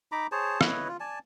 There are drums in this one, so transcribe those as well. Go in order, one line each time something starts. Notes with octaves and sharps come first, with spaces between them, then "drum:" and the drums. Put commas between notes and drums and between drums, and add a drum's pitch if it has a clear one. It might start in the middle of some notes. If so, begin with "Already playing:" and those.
D#4 A#5 B5 D6
G#4 C5 C#5 A5
E4 B4 C#5 D#5, drum: rim click
F4
D5 G#5 A5